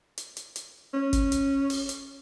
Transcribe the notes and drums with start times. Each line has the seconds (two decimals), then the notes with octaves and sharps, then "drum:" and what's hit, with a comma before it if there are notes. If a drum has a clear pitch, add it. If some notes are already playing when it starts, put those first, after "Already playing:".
0.18 drum: hi-hat
0.37 drum: hi-hat
0.56 drum: hi-hat
0.94 C#4
1.13 drum: kick, hi-hat
1.32 drum: hi-hat
1.70 drum: open hi-hat
1.89 drum: hi-hat